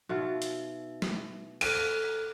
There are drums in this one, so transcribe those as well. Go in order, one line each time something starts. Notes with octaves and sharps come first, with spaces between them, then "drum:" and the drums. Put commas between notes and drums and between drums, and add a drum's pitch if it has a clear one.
B2 D#4 F4 E5
drum: hi-hat
drum: snare
A4 F6 F#6 D#7, drum: cymbal